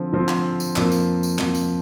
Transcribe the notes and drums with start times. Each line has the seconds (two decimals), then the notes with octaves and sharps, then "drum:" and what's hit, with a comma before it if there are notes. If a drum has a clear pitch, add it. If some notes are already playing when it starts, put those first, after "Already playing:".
Already playing: D3 F3 C4
0.13 D3 F3 C4
0.28 drum: clap
0.60 drum: tambourine
0.76 F2 F3 A#3, drum: clap
0.92 drum: tambourine
1.23 drum: tambourine
1.38 F2 F3 A#3, drum: clap
1.55 drum: tambourine